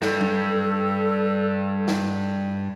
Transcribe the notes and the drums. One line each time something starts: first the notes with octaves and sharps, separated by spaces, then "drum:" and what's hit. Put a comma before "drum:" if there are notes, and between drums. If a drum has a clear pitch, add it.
G2 A4, drum: snare
drum: tom F#3
drum: snare